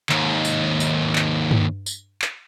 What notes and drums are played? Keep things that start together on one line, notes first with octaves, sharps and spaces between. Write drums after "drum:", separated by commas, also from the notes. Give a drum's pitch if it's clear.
D#2 G#2, drum: clap
drum: tambourine
drum: tambourine
drum: clap
drum: tom G2
drum: tambourine
drum: clap